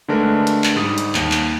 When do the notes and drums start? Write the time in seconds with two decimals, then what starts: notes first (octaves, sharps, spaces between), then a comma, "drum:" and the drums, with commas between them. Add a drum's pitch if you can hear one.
0.08 D3 G#3 A3 D4 A#4 B4
0.47 drum: hi-hat
0.64 drum: clap
0.76 G#2 G3 D#6
0.98 drum: hi-hat
1.15 D#2, drum: clap
1.32 drum: clap